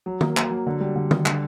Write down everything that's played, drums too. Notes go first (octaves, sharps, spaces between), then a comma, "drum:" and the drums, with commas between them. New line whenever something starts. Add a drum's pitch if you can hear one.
F#3
A#3, drum: tom D#3
A#3, drum: clap
F#3
D3
G3
D3
G3, drum: tom D#3
D3, drum: clap